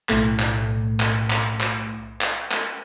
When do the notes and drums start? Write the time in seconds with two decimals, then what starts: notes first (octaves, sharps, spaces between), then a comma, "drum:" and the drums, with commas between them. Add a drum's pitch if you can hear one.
0.09 B1 A2 A3, drum: clap
0.39 drum: clap
1.00 drum: clap
1.30 drum: clap
1.61 drum: clap
2.21 drum: clap
2.51 drum: clap